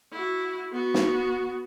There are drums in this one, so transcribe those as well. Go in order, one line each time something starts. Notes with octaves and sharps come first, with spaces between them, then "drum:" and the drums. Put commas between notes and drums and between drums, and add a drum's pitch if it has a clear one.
E4 F#4
B3 F#4
drum: snare